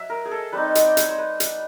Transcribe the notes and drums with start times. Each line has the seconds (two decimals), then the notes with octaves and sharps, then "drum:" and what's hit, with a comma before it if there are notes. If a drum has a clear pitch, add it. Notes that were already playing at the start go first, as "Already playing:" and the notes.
Already playing: F#3 E5
0.10 A#4
0.25 G#4
0.31 A4
0.52 G3 C4 D#4 B4
0.75 D#5, drum: hi-hat
0.86 D5
0.97 C#5, drum: hi-hat
1.08 C5
1.18 B4
1.40 drum: hi-hat